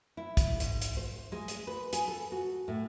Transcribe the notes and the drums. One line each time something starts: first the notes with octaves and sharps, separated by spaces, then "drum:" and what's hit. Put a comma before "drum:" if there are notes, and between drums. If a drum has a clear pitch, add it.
E4
drum: kick, hi-hat
G#2, drum: hi-hat
drum: hi-hat
C5
G#3
drum: hi-hat
B4
G#4, drum: hi-hat
A4
F#4
A2